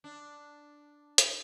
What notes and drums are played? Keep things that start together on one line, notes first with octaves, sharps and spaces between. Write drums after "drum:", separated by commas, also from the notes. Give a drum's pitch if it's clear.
D4
drum: hi-hat